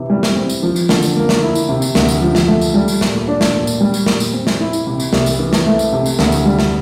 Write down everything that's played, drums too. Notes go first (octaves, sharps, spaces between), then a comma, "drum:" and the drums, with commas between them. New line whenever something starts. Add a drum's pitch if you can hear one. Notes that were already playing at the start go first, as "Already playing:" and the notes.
Already playing: C3 E3
G3
drum: snare
C4
drum: tambourine
F3
drum: tambourine
D3, drum: snare
drum: tambourine
A#3
drum: snare
E4
drum: tambourine
C3
drum: tambourine
D2, drum: snare
drum: tambourine
F3
drum: snare
A3
drum: tambourine
G3
drum: tambourine
A#2, drum: snare
D4
drum: snare
A#2
drum: tambourine
G3
drum: tambourine
A#2, drum: snare
drum: tambourine
C4
drum: snare
E4
drum: tambourine
C3
drum: tambourine
C2, drum: snare
drum: tambourine
E3
drum: snare
A3
drum: tambourine
C3
drum: tambourine
D2, drum: snare
drum: tambourine
G3
drum: snare